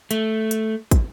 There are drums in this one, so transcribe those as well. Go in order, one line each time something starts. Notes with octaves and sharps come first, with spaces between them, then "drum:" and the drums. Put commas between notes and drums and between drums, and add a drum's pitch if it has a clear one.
A3, drum: hi-hat
drum: hi-hat
drum: kick, hi-hat